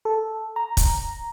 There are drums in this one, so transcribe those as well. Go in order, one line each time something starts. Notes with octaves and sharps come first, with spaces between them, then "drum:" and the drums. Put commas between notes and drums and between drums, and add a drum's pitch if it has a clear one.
A4
A#5
drum: kick, hi-hat